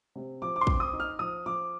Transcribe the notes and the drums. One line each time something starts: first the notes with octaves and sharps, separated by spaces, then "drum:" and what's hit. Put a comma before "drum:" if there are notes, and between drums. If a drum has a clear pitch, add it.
C3
F3 D6
D6
C6
C4, drum: kick
D#6
D#4
F6
F3 D#6
F3 D6